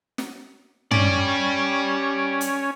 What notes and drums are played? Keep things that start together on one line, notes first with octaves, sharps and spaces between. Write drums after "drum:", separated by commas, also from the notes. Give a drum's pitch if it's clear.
drum: snare
C#4 G4 D5, drum: tom
drum: hi-hat